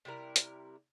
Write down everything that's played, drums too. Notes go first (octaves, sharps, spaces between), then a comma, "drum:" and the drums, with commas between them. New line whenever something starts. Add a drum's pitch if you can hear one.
C3 G3 E4 A#4
drum: hi-hat